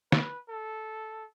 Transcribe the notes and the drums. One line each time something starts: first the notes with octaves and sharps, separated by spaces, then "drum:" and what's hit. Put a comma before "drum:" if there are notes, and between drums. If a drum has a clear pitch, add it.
B4, drum: snare
A4